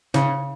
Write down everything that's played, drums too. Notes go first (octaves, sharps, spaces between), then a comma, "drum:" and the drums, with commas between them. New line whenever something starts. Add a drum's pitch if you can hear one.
C#3, drum: snare